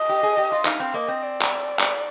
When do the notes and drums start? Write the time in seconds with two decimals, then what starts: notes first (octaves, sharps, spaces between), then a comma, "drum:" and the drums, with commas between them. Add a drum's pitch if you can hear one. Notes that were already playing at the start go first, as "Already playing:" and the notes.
Already playing: D#5
0.09 G4
0.23 G#4
0.37 G4
0.52 F4
0.65 D#4 F5, drum: clap
0.80 C4
0.94 A#3 D#5
1.08 C4
1.23 D5
1.42 drum: clap
1.79 drum: clap